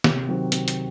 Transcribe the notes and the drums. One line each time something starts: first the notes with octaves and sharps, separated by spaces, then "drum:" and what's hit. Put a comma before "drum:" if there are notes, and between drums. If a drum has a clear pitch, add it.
C3, drum: snare
D#3 F#3 C4 F#4
C3, drum: hi-hat
drum: hi-hat